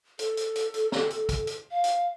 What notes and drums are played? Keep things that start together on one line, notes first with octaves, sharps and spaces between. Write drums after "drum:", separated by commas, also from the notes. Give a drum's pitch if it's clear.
A4, drum: hi-hat
drum: hi-hat
drum: hi-hat
drum: hi-hat
drum: snare
drum: hi-hat
drum: kick, hi-hat
drum: hi-hat
F5
drum: hi-hat